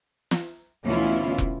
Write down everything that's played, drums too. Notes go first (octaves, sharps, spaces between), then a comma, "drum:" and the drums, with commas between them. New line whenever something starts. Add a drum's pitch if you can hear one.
drum: snare
D2 B2 E3 C#4 E4 F4
drum: kick